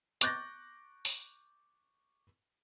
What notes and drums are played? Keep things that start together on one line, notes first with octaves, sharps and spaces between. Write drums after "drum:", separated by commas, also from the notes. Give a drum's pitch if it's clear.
C#6 D6 F#6 G6 A6 A#6, drum: hi-hat
drum: open hi-hat